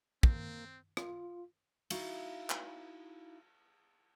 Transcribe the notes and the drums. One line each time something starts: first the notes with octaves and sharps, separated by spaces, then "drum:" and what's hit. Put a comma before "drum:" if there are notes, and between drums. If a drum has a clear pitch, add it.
A#3 C4, drum: kick
F4, drum: rim click
D#4 E4 F#4 F5, drum: cymbal
drum: clap